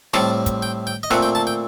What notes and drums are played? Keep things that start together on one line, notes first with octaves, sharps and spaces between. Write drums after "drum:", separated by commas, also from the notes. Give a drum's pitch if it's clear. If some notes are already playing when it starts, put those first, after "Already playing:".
A2 G3 C4 A5, drum: snare
drum: kick, hi-hat
G5
G5
D#5
A#2 A3 C4 F#5, drum: snare
G5
A5
G5